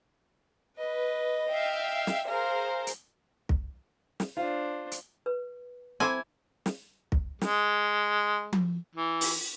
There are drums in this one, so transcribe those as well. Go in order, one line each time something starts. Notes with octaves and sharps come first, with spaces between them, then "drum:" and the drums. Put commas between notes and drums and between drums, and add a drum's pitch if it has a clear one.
B4 D#5
E5 F5 G5
drum: snare
G#4 A#4 C5 F5
drum: hi-hat
drum: kick
drum: snare
D4 F4 C5 F5
drum: hi-hat
B4
C4 E4 A4 C5 G#5 B5 D6
drum: snare
drum: kick
G#3, drum: snare
drum: tom F3
E3
drum: open hi-hat